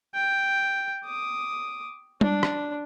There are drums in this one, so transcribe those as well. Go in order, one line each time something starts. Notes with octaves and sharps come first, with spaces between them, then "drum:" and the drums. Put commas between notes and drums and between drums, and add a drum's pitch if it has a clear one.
G5
D6 D#6
D4, drum: tom G3
drum: rim click